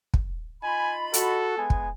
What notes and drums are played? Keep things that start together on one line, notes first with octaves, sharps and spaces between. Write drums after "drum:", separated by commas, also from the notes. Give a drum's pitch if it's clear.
drum: kick
D#4 F4 G#5 B5
F#4 A4, drum: hi-hat
G#3 B3 G#5
drum: kick